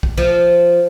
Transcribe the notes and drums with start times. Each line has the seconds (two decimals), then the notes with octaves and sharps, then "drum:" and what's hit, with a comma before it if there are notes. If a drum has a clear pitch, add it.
0.03 drum: kick
0.18 F3